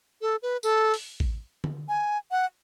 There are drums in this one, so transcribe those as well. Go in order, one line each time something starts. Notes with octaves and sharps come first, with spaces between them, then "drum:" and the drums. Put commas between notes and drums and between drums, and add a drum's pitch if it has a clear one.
A4
B4
A4, drum: tambourine
drum: open hi-hat
drum: kick A1
drum: tom D3
G#5
F#5